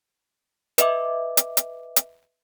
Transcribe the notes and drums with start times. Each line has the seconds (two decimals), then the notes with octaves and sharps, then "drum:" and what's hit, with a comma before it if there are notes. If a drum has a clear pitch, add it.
0.78 B4 D#5 E5 D6, drum: hi-hat
1.37 drum: hi-hat
1.57 drum: hi-hat
1.96 drum: hi-hat